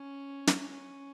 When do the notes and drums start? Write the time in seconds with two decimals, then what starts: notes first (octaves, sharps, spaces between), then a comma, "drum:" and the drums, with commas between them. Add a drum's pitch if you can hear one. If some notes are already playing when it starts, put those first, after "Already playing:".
Already playing: C#4
0.47 drum: snare
0.74 C#4